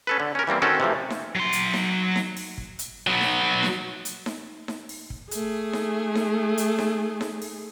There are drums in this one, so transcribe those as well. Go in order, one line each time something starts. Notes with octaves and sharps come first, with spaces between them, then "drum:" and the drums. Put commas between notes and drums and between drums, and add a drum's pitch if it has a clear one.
C#4 A4 B4
D3
C#4 A#4
E3 G3 A#3 C4
D#3 C4 C#4 F#4 A4
C3 E3 F3 A3
drum: snare D#4
F#3 C6
drum: hi-hat
drum: snare D#4
drum: snare D#4
drum: open hi-hat
drum: kick
drum: hi-hat
F#3 B3
drum: snare D#4
drum: snare D#4
drum: hi-hat
drum: snare D#4
drum: snare D#4
drum: open hi-hat
drum: kick
A3 G#4, drum: hi-hat
drum: snare D#4
drum: snare D#4
drum: hi-hat
drum: snare D#4
drum: snare D#4
drum: open hi-hat